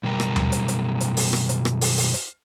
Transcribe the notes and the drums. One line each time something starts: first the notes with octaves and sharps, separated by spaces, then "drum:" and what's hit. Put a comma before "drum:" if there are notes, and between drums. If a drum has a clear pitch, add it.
F#2 B2 G3 A#4
drum: rim click
drum: tom D#2
drum: hi-hat
drum: hi-hat
drum: hi-hat
drum: open hi-hat
drum: rim click
drum: hi-hat
drum: rim click
drum: open hi-hat
drum: open hi-hat
drum: hi-hat